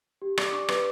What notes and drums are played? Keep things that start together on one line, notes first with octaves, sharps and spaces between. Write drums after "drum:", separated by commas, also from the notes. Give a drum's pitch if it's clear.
G4
D5, drum: rim click
D6
D4 C#6
D6
B4, drum: rim click